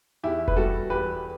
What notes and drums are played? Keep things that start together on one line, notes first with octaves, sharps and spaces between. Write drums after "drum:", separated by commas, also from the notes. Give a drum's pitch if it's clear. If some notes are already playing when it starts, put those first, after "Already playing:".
E2 E4 G4
B4, drum: kick F1
G3 F#4 A4
E2 G4 B4